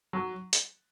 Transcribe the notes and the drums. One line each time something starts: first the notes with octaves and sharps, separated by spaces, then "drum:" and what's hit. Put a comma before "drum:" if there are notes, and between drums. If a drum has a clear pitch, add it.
F#3
drum: hi-hat